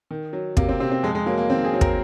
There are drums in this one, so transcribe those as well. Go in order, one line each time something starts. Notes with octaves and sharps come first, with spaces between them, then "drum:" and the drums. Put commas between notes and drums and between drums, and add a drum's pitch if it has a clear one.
D#3
F#3
C3 A#3, drum: kick
C4
C3 C4
C4
F2 G#3
G#3
F#3 A#3
A#3
D#3 C4
G#4
F#3
A#4, drum: kick